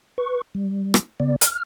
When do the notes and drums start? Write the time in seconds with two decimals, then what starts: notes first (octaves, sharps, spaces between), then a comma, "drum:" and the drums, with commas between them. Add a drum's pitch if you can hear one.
0.18 B4 C#6
0.55 G3
0.94 drum: rim click
1.20 C#3 B3 D5
1.41 F6, drum: hi-hat